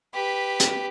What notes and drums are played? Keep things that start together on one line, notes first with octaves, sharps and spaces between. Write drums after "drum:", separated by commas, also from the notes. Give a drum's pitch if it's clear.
G4 B4
drum: hi-hat